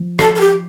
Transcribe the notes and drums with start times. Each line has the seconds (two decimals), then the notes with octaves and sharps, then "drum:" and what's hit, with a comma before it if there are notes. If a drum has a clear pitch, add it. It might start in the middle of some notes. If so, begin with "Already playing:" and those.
Already playing: F3
0.19 A4, drum: rim click
0.36 A4
0.40 G4